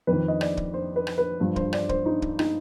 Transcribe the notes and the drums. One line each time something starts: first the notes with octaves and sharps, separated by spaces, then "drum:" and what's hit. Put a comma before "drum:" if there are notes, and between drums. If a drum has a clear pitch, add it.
F2 D#3 B4
D#5
D5, drum: rim click
drum: kick
C5
B4
drum: rim click
B4
G2 F3
C5, drum: kick
D5, drum: rim click
C5, drum: kick
D#4
drum: kick
D#4, drum: rim click